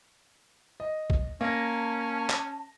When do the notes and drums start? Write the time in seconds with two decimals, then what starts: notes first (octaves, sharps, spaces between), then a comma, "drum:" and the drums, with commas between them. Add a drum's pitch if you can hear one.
0.80 D#5
1.10 drum: kick A#1
1.41 A#3 C#4 A5 A#6
2.30 drum: clap